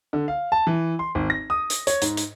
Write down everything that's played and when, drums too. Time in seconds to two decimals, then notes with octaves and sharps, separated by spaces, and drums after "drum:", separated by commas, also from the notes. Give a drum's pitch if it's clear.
0.13 D3
0.28 F5
0.52 A5
0.67 E3
0.99 C6
1.15 G#1
1.30 A#6
1.50 D#6
1.70 drum: hi-hat
1.87 C#5, drum: hi-hat
2.02 G#2, drum: hi-hat
2.17 drum: hi-hat